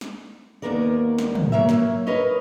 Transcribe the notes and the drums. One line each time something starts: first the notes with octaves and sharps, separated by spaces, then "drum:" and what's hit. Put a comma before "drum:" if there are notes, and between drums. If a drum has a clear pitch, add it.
drum: snare
D#2 G#2 A#3 B3 A#4 D5
drum: snare
drum: tom
F#3 A#3 C#5 E5
drum: snare
A#4 B4 C#5 D#5